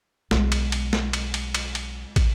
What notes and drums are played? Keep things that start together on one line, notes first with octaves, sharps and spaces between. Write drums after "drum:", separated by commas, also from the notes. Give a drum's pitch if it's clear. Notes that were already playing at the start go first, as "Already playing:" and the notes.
B1 G#3, drum: snare
drum: cymbal
drum: cymbal
drum: snare
drum: cymbal
drum: cymbal
drum: cymbal
drum: cymbal
drum: kick, cymbal